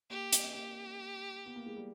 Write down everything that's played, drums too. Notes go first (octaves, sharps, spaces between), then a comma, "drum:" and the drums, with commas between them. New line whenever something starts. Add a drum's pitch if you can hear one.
A#3 G4
drum: hi-hat
A#3 G4
B3
A#3
G#3
G3